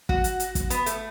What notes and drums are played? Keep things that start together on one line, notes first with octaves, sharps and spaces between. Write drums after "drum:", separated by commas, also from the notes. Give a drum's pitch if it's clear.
F#4, drum: kick
drum: hi-hat
drum: hi-hat
drum: kick, hi-hat
B3, drum: hi-hat
A3, drum: hi-hat